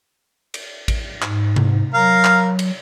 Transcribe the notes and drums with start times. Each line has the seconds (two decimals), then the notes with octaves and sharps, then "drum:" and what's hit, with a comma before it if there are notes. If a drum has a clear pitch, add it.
0.54 drum: cymbal
0.88 drum: kick A1, cymbal
1.22 G#2, drum: clap
1.56 drum: tom C3
1.94 F#3 A#4 F5 A#5
2.25 drum: clap
2.59 drum: cymbal